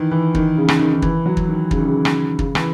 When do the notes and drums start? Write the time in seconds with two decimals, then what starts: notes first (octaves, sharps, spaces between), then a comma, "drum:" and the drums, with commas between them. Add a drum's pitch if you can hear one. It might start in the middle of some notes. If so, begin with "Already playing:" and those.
Already playing: D#3 E3
0.11 E3
0.35 D#3, drum: kick
0.57 C#3
0.68 drum: rim click
0.79 D#3
0.93 D#3
1.02 E3, drum: kick
1.26 F#3
1.37 drum: kick
1.48 D#3
1.71 C#3, drum: kick
1.78 D#3
1.85 C#3
2.05 drum: rim click
2.39 C#3, drum: kick
2.55 E3, drum: rim click